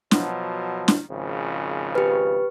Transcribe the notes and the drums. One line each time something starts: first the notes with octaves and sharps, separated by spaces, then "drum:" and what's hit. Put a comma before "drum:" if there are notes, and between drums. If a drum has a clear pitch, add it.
B2 F3 F#3, drum: snare
drum: snare
G#1 C#3 F3
G4 B4